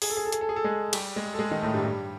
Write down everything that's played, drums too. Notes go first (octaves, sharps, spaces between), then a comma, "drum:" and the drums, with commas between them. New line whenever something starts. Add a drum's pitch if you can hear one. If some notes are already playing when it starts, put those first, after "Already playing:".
G#4, drum: open hi-hat
A4
G#4
A4
G#4, drum: hi-hat
A4
G#4
A4
G#3 G#4
G3 G4, drum: cymbal
G#3 G#4
A4
G#3 G#4
D#3 D#4
A2 A3
G2 G3
G2 G3